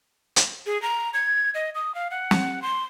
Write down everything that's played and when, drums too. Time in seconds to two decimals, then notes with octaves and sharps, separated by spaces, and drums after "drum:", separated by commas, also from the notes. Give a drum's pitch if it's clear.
0.36 drum: hi-hat
0.66 G#4
0.82 A#5
1.14 G#6
1.54 D#5
1.75 D#6
1.95 F5
2.11 F#5
2.31 drum: snare
2.62 C6